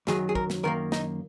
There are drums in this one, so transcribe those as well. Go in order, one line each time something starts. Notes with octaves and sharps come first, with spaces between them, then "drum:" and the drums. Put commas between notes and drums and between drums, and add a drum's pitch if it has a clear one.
F#2 D#3 F#3 G#4, drum: snare
G#4
A#4, drum: kick
drum: snare
F#2 D#3 A#3 A#4
D#4, drum: snare